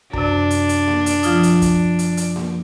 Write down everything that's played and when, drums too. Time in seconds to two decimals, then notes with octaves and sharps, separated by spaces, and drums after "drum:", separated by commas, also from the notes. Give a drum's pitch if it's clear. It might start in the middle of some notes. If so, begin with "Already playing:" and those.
0.13 F#2 C3 D4, drum: kick
0.51 drum: hi-hat
0.69 drum: hi-hat
0.88 drum: snare A#3
1.06 drum: hi-hat
1.23 F3 F4 D#6, drum: hi-hat
1.43 drum: hi-hat
1.62 drum: kick, hi-hat
1.99 drum: hi-hat
2.17 drum: hi-hat
2.36 drum: snare A#3